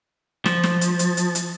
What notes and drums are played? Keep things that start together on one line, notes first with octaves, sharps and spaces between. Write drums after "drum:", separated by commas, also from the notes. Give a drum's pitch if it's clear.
F3, drum: snare
drum: snare
drum: hi-hat
drum: hi-hat
drum: hi-hat
drum: hi-hat